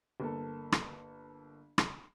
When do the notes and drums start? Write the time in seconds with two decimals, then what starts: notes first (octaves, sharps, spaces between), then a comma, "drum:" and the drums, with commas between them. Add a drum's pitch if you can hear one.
0.20 G1 A#3 A4
0.72 drum: rim click
1.78 drum: rim click